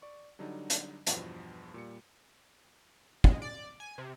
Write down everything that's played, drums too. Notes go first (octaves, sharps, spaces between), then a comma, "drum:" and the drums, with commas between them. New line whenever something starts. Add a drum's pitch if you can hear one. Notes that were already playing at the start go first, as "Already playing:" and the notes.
D5 C#6
D3 F#3 G3 D4 D#4
drum: hi-hat
E2 G2 B2 F3, drum: hi-hat
A#2 G3 C#7
G#3, drum: kick
D5
G#5
C3